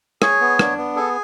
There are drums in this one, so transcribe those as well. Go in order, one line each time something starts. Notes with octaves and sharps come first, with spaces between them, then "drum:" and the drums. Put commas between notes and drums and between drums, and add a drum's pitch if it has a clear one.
G#4 C#5, drum: rim click
B3
D4, drum: rim click
B3
G#4 A4